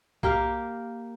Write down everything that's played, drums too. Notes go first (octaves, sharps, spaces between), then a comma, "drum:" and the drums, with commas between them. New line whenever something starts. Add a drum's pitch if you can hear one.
A#3 G4 A#4 F5, drum: kick C2